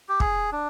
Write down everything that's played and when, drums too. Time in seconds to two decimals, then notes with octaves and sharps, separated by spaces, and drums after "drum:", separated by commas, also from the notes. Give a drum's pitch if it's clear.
0.09 G4
0.20 G#4, drum: kick
0.52 D4